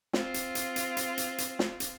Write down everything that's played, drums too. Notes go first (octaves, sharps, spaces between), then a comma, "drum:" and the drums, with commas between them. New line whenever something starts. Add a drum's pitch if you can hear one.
C4 F4, drum: snare
drum: hi-hat
drum: hi-hat
drum: hi-hat
drum: hi-hat
drum: hi-hat
drum: hi-hat
drum: snare
drum: hi-hat